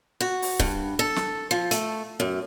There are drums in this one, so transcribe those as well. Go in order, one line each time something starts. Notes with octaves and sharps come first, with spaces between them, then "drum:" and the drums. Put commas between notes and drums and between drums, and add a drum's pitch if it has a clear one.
F#4
drum: open hi-hat
G2, drum: kick
A4
drum: snare
F3
A3, drum: hi-hat
F#2